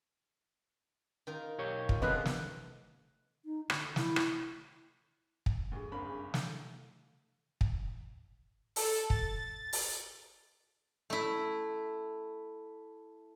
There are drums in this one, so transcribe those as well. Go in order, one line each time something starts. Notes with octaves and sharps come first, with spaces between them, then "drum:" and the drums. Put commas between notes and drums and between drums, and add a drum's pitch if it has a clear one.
D#3 F4 A#4
B1 G4 C#5
F4, drum: kick
D3 F3 B3 C4 G#4 B4 D#5
drum: snare
D#4
D3, drum: rim click
E4, drum: snare
drum: rim click
drum: kick
D2 G2 G#4
F#1 G2 C4 A#4 B5
G#4
drum: snare
drum: kick
A4, drum: open hi-hat
A6, drum: kick
drum: open hi-hat
A3 E4